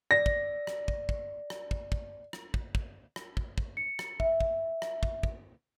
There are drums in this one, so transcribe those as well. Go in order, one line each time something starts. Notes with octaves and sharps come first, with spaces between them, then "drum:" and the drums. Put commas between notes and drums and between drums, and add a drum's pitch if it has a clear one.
D5 A#6
drum: kick
drum: rim click
drum: kick
drum: kick
drum: rim click
drum: kick
drum: kick
drum: rim click
drum: kick
drum: kick
drum: rim click
drum: kick
drum: kick
C#7
drum: rim click
E5, drum: kick
drum: kick
drum: rim click
drum: kick
drum: kick